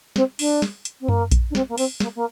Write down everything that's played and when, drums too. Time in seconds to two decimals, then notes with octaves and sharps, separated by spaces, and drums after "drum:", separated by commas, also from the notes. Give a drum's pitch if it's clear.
0.16 C4, drum: snare
0.39 D4, drum: open hi-hat
0.62 drum: snare
0.85 drum: hi-hat
1.00 C4
1.08 A#3, drum: tom F#2
1.31 drum: kick A#1, hi-hat
1.50 D4
1.55 C4, drum: snare
1.68 A#3
1.78 C4, drum: open hi-hat
2.00 A#3, drum: snare
2.15 A#3